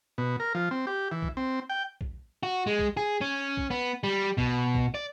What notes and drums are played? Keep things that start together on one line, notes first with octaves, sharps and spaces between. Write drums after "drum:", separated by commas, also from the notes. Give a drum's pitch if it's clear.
B2
A#4
F3
C4
G4
E3
drum: kick A#1
C4
G5
drum: kick A#1
F#4
G#3
drum: kick A#1
G#4
C#4
drum: kick A#1
B3
G3
B2, drum: kick A#1
drum: kick A#1
D5